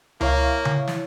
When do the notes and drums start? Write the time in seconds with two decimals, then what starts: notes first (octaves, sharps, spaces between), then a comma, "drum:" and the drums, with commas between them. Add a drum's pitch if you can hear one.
0.21 A#3 E4 C#5 F5, drum: tom C#2
0.65 drum: tom C#3
0.87 drum: snare